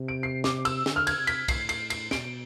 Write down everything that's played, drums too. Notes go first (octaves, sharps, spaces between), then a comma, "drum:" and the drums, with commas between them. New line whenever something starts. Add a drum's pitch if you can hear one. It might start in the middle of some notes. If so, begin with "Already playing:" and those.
Already playing: C3
D7
C7
D6, drum: snare
E6, drum: cymbal
D3, drum: snare
F6
G#6, drum: cymbal
C3
B6, drum: cymbal
A2 C7, drum: kick, cymbal
C7, drum: cymbal
C7, drum: cymbal
B2 D7, drum: snare